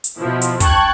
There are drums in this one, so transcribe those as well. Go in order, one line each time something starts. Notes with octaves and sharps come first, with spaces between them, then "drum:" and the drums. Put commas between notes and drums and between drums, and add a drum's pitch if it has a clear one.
drum: hi-hat
B2 F3 E4
drum: hi-hat
G5 A5 C#6 F#6 G#6, drum: kick, hi-hat